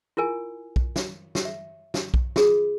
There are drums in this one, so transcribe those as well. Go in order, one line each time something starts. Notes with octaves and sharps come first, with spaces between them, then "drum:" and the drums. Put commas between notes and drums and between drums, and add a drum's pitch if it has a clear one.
E4 F4 A#4 G#5
drum: kick B1
drum: snare
drum: snare
E5
drum: snare
drum: kick B1
F4 G#4, drum: snare